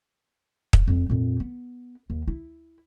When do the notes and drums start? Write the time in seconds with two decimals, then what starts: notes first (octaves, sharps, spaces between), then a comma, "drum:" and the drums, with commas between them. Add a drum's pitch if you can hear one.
0.73 drum: kick
0.88 F2 G3
1.10 F2 A#2
1.40 B3
2.10 D#2
2.27 E4